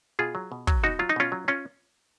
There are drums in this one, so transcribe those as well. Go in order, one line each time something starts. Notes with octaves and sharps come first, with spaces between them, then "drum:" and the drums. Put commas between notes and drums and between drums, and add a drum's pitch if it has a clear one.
B2 F4 G#4
F#3
B2
F#3, drum: kick
B2 D#4 F#4
F#3 F4
D#4
B2 C#4 F4
F#3
C#4 F4